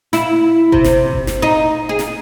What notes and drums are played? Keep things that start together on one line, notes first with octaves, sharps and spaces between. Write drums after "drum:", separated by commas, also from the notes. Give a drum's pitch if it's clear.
E4, drum: snare
C3, drum: kick G1
drum: snare
drum: kick G1
drum: snare
D#4
G#4
drum: snare